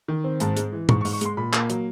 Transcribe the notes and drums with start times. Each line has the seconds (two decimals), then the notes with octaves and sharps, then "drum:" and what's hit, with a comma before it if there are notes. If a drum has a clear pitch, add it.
0.08 D#3
0.24 C4
0.40 G#2 A5, drum: hi-hat
0.57 G#3, drum: hi-hat
0.72 E3
0.89 G#2 C#6, drum: tom
1.01 C#6
1.05 G#2, drum: open hi-hat
1.13 C#6
1.21 G#3 C6, drum: hi-hat
1.37 A#2 B5
1.53 A#3, drum: clap
1.70 F#3, drum: hi-hat